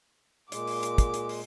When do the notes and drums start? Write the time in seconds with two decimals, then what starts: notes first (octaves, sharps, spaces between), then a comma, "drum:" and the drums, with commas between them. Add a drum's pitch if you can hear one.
0.52 A#2 G#3 D6, drum: hi-hat
0.67 drum: open hi-hat
0.83 drum: hi-hat
0.98 drum: kick, hi-hat
1.14 drum: hi-hat
1.29 drum: open hi-hat